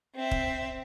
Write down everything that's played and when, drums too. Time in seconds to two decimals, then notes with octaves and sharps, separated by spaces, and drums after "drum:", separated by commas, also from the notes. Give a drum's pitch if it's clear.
0.15 C4 E5
0.31 drum: kick